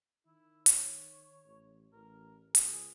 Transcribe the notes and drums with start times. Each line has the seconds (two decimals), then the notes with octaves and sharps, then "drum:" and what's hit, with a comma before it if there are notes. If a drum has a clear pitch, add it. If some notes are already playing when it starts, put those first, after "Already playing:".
0.26 D#3 E4
0.66 C#5, drum: hi-hat
1.44 A1
1.93 A1 A#4
2.55 C#2 G#4, drum: hi-hat